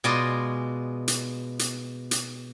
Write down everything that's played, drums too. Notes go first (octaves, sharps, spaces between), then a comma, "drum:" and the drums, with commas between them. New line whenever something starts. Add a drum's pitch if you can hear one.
B2 G#3 F4 D5 G#5
drum: hi-hat
drum: hi-hat
drum: hi-hat